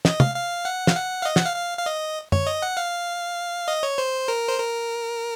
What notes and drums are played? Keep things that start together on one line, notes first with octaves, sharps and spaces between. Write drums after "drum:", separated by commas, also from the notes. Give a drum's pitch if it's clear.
D#5, drum: snare
F5, drum: tom
F5
F#5
F5, drum: snare
F#5
F5
D#5
F#5, drum: snare
F5
F5
F5
D#5
C#5, drum: tom F#2
D#5
F#5
F5
D#5
C#5
C5
A#4
C5
A#4